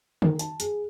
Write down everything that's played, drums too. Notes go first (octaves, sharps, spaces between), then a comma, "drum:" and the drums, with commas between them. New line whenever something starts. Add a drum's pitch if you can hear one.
D#3, drum: tom
A5, drum: hi-hat
G#4, drum: hi-hat